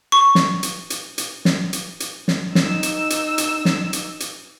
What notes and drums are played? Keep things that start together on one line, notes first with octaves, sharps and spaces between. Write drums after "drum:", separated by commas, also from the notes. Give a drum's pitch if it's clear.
C#6
drum: snare
drum: hi-hat
drum: hi-hat
drum: hi-hat
drum: snare
drum: hi-hat
drum: hi-hat
drum: snare
D#4 E6, drum: snare
drum: hi-hat
drum: hi-hat
drum: hi-hat
drum: snare
drum: hi-hat
drum: hi-hat